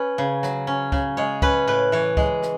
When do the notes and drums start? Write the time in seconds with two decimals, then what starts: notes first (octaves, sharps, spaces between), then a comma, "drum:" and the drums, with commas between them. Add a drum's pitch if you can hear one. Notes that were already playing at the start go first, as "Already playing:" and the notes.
Already playing: C#4 B4 F#5
0.18 C#3
0.43 F#3, drum: rim click
0.67 C#4
0.92 C#3, drum: kick C#2
1.17 G#3 C#5
1.42 C#4 B4, drum: kick C#2
1.67 A2 B4
1.92 E3 C#5
2.17 G#3, drum: kick C#2
2.42 drum: rim click